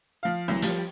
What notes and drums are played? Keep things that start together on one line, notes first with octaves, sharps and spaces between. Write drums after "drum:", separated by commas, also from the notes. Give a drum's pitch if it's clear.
F3 F5
C2 E3 F#3
F3 G3, drum: hi-hat